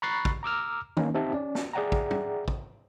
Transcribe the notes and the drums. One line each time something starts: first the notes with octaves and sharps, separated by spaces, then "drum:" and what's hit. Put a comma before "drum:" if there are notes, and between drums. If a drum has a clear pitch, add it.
A#5 B5 C#6 F#6 A6 C7
drum: kick
A#5 D6 E6 F6
A#3 B3 C#4 D#4, drum: tom
C4 D#4 G4 E5 A5
C#4 D5
drum: snare
G#4 D5 E5 F#5 G5 A#5
drum: kick
drum: tom
drum: kick